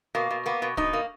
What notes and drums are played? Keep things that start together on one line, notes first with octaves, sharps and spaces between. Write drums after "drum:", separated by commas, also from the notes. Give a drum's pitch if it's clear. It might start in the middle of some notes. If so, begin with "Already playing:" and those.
B2 A#3
B2
A#3 B3
B2
B2 D#4, drum: kick
A#3